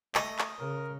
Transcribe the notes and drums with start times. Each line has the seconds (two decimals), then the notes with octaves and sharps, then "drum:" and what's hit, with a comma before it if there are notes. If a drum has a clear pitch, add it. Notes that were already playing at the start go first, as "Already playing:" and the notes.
0.15 A3 D#5, drum: clap
0.39 drum: clap
0.59 C#3 A#4